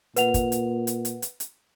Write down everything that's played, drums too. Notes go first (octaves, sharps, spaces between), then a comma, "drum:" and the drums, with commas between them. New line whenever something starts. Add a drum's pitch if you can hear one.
A#2 B4 F#5 F7, drum: hi-hat
drum: kick, hi-hat
drum: hi-hat
drum: hi-hat
drum: hi-hat
drum: hi-hat
drum: hi-hat